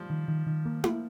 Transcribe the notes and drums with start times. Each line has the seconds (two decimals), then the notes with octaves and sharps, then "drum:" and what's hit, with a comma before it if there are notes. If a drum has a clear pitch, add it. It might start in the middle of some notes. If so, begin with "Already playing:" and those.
Already playing: F3 G3
0.10 D#3
0.28 D#3
0.47 D#3
0.65 A#3
0.84 A#3, drum: tom E4